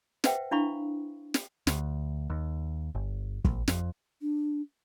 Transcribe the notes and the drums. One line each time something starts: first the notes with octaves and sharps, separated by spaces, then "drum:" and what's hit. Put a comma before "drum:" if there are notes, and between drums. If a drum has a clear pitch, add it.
B4 C5 E5 F#5 G5, drum: snare
D4 E4 F5 B5 C#6
drum: snare
D2, drum: snare
D#2
G1
A#1, drum: kick
F2, drum: snare
D4